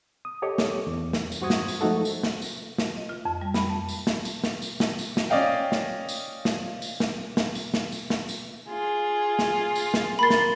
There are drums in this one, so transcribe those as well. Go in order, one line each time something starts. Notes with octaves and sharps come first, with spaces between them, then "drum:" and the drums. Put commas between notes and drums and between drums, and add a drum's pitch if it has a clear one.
D#6
G4 A4 C#5 D#5 C#6 D6
drum: snare
E2
drum: snare
drum: tambourine
G2 F#4 C5 C#6 D#6 G#6
drum: snare
drum: tambourine
F3 G#3 A3 D#4 F#4 A4
drum: tambourine
drum: snare
drum: tambourine
drum: snare
D#5
F4
F2
G3
B5, drum: snare
A5
drum: tambourine
drum: snare
drum: tambourine
drum: snare
drum: tambourine
drum: snare
drum: tambourine
drum: snare
C#4 D5 D#5 F5 G5
drum: snare
drum: tambourine
drum: snare
drum: tambourine
drum: snare
drum: snare
drum: tambourine
drum: snare
drum: tambourine
drum: snare
drum: tambourine
F4 G#4
drum: snare
drum: tambourine
drum: snare
A#3 B5 C6 A6
drum: snare